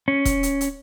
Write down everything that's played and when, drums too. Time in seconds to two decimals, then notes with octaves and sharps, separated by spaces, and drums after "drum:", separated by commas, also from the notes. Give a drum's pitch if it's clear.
0.08 C#4
0.25 drum: kick E1, hi-hat
0.43 drum: hi-hat
0.61 drum: hi-hat